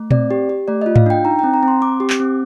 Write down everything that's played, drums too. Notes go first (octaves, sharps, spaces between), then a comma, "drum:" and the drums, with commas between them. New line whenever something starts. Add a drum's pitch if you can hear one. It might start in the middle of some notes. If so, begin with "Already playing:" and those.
Already playing: A3
C4 D5, drum: tom A#2
G4
G4
A3 D5
F4 D#5
F5, drum: tom G#2
D4 G5
D#4 A#5
C4 G5
A#5
C4 C6
C4 D6
G4
drum: clap
C4